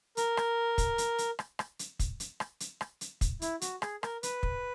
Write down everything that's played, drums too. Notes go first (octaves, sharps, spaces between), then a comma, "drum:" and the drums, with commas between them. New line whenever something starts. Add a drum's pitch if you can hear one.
A#4, drum: hi-hat
drum: rim click
drum: kick, hi-hat
drum: hi-hat
drum: hi-hat
drum: rim click
drum: rim click
drum: hi-hat
drum: kick, hi-hat
drum: hi-hat
drum: rim click
drum: hi-hat
drum: rim click
drum: hi-hat
drum: kick, hi-hat
E4, drum: hi-hat
F#4, drum: hi-hat
G#4, drum: rim click
A#4, drum: rim click
B4, drum: hi-hat
drum: kick